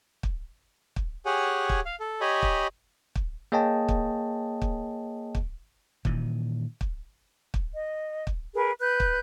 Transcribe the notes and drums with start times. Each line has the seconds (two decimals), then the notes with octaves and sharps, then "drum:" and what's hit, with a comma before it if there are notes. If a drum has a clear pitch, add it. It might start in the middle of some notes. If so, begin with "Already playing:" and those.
0.23 drum: kick
0.96 drum: kick
1.26 G4 G#4 C#5 F#5 G#5
1.69 drum: kick
1.85 F5
2.00 A4
2.21 G4 C#5 D#5 G#5 B5
2.42 drum: kick
3.15 drum: kick
3.52 A#3 G#4 C#5 D#5 G5 A5
3.89 drum: kick
4.62 drum: kick
5.35 drum: kick
6.05 A#2 D#3 E3, drum: kick
6.81 drum: kick
7.54 drum: kick
7.73 D#5
8.27 drum: kick
8.54 G#4 A#4 B4
8.79 B4 F#6 G6
9.00 drum: kick